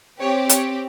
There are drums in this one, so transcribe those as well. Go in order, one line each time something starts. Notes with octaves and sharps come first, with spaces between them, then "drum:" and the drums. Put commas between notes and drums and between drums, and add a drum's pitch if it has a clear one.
C4 G4 C#5
C#5, drum: hi-hat